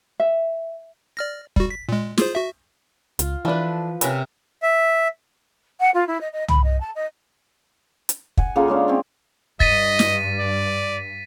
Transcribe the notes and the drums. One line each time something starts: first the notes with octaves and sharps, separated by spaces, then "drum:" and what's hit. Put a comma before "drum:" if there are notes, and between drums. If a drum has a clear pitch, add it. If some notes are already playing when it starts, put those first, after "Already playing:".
E5
D5 F6 A#6
G3 F#4, drum: kick
B6
A#2 G#3
F4 G#4 C5, drum: snare
F#4 E5
C#2 F4, drum: hi-hat
E3 F3 D4 E4 A4 B4
C3 C#4 G#4 A#4 B4 E5, drum: hi-hat
E5
F#5
F4
E4
D#5
D#5
B5, drum: tom
D#5
A5
D#5
drum: hi-hat
F#5 G#5, drum: kick
C#3 A#3 F4 A4
G#3 C#4 D4 D5
C4 C#4
G2 D#5 A6 B6 D#7, drum: kick
drum: snare
D5